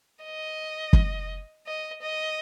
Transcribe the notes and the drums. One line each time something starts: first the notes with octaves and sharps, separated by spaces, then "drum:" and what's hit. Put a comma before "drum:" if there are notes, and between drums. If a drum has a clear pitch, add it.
D#5
drum: kick
D#5
D#5